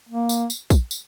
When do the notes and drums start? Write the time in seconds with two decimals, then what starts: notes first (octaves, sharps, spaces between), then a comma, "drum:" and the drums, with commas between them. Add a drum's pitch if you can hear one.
0.09 A#3
0.29 drum: tambourine
0.50 drum: tambourine
0.70 drum: kick, tambourine
0.91 drum: tambourine